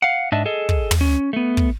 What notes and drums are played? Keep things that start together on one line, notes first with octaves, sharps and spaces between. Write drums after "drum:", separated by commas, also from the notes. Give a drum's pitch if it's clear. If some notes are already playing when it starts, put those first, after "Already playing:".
F5 F#5
G#2 D4 D#5 E5 A5
G#4 A4 D#5
drum: kick
drum: tom
C#4
A3 B3
drum: kick